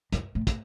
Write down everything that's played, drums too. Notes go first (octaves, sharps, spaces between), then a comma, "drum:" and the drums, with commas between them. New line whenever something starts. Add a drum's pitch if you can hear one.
F#2, drum: hi-hat
A2
drum: kick, hi-hat